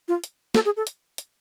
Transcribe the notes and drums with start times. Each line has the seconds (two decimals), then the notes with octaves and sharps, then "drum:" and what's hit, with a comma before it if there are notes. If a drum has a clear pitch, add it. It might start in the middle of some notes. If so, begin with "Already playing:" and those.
0.08 F4
0.24 drum: hi-hat
0.55 A4, drum: snare
0.65 G#4
0.77 A4
0.87 drum: hi-hat
1.18 drum: hi-hat